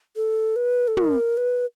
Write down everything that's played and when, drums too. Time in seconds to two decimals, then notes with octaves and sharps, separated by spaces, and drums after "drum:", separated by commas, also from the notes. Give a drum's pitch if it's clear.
0.16 A4
0.56 B4
0.88 A4
0.97 A#4, drum: tom
1.37 B4